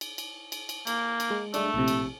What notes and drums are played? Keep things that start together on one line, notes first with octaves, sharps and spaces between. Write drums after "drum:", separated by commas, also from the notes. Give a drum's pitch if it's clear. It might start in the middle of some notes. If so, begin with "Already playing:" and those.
drum: cymbal
drum: cymbal
drum: cymbal
drum: cymbal
A#3, drum: cymbal
drum: cymbal
G#3
G2 G#3 A3 D4, drum: cymbal
A#1 A2 C3
drum: cymbal